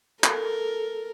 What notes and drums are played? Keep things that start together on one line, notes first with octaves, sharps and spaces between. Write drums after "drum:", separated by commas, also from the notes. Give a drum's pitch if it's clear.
A4 A#4, drum: clap